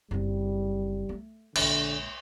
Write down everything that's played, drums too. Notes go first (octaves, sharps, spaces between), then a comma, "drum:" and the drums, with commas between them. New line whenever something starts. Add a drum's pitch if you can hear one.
F#1 G3 C4
A3 A#3
A#1 D3 G#3, drum: cymbal